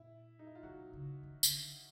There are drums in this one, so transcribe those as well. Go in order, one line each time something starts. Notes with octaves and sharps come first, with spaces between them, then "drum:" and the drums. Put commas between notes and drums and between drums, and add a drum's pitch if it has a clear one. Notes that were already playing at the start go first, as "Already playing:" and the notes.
Already playing: A#2 E4
D#4
E4
F4
B2 F#3 F#4
C#3
D#3
D3, drum: tambourine